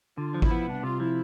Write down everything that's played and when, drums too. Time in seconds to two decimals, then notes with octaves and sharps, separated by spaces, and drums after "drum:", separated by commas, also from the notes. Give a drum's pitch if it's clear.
0.18 D3 F4
0.31 F3 D4
0.42 E4, drum: kick G#1
0.51 B3
0.67 C2 D4
0.83 C3 F4
1.00 F3 E4